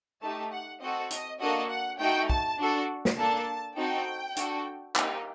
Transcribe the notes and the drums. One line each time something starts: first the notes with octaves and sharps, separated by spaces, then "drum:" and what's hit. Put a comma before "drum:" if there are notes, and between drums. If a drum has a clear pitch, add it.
A3 D#4 G4 A5
F#5
C4 F#4 A4 D#5
D#5, drum: hi-hat
A#3 D4 F#4 A4 D#5
F#5
A3 D#4 F#4 G5
A5, drum: kick
D4 F#4 A4
drum: snare
A#3 D4 A4 A5
C4 D#4 F#4 A4 G5
D4 F#4 A4, drum: hi-hat
A#3 D#4 G4, drum: clap